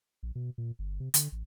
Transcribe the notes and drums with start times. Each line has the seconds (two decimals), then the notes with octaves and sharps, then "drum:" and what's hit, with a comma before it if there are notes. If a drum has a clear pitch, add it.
0.23 A#1
0.35 B2
0.58 A#2
0.79 G1
1.00 C3
1.14 D3, drum: hi-hat
1.32 A1